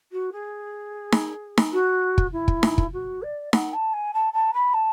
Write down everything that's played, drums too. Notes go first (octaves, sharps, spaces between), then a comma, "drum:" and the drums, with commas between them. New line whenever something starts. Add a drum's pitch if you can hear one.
F#4
G#4
drum: snare D#4
drum: snare D#4
F#4
drum: kick
E4
drum: kick
drum: snare D#4
drum: kick
F#4
D5
F#5, drum: snare D#4
A5
G#5
A5
A5
B5
A5